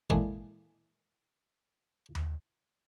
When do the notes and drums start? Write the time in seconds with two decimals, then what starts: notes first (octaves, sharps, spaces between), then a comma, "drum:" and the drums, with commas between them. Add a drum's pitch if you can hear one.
0.10 A#2 E3 G#3 A3 D4 G#4, drum: kick G#1
2.15 drum: tom D#2